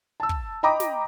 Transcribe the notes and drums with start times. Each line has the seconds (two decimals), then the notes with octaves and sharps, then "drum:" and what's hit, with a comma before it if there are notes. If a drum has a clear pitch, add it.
0.20 A5 E6
0.29 drum: kick
0.63 D#5 G5 A#5 B5 D6 D#6
0.80 drum: snare